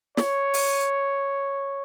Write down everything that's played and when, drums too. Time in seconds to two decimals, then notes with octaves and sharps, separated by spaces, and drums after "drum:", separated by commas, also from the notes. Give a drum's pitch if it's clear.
0.17 C#5, drum: snare
0.54 drum: open hi-hat